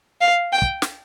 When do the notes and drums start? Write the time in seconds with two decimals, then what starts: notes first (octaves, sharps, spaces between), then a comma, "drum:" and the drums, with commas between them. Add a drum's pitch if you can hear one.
0.21 F5
0.52 G5
0.62 drum: kick
0.82 drum: snare